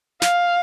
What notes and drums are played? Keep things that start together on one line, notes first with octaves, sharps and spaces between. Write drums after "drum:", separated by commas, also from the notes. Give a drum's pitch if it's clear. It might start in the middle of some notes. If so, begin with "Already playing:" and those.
F5, drum: snare